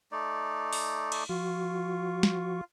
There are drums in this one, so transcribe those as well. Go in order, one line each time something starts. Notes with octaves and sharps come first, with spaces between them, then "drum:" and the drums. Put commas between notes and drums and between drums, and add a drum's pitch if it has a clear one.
A3 D#4 D5
drum: open hi-hat
drum: cymbal
F3 F4 F#4 C#6
drum: snare